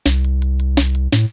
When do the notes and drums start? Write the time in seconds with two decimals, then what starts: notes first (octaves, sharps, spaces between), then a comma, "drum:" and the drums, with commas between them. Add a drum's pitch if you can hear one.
0.06 C2, drum: snare
0.25 drum: hi-hat
0.42 drum: hi-hat
0.60 drum: hi-hat
0.77 drum: snare
0.95 drum: hi-hat
1.12 A2, drum: snare